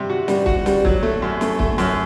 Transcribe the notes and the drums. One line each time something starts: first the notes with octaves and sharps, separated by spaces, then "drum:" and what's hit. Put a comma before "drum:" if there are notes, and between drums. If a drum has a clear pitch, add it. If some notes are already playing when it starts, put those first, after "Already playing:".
Already playing: C3 G3
F#4
G3, drum: snare
F#4, drum: kick C#1
G3, drum: snare
F#3, drum: kick C#1
A3
F#2
A3, drum: snare
A3, drum: kick C#1
F#2, drum: snare